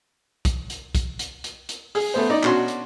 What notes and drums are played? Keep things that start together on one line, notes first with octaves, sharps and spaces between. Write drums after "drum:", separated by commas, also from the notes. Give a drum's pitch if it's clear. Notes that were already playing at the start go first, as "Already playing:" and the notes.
drum: kick, hi-hat
drum: hi-hat
drum: kick, hi-hat
drum: hi-hat
drum: hi-hat
drum: hi-hat
G#4, drum: open hi-hat
A3 B3 C5
D#4 D5
B2 C#4 D4 F#4 C6, drum: clap
drum: hi-hat